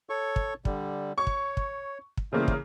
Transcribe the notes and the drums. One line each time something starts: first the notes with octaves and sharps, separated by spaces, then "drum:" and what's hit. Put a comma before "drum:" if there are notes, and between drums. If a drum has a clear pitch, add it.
A4 C#5 C#6
drum: kick
D3 G3, drum: kick
C#5 C#6
drum: kick
drum: kick
drum: kick
C#3 E3 G3 A3 A#3 C5
drum: kick